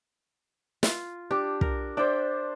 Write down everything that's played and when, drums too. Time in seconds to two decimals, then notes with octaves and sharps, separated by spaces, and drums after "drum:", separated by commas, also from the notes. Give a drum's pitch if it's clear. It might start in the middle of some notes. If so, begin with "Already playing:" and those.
0.83 F4, drum: snare
1.31 D4 G4
1.61 A#4, drum: kick
1.97 D4 C5 D5 E5 G5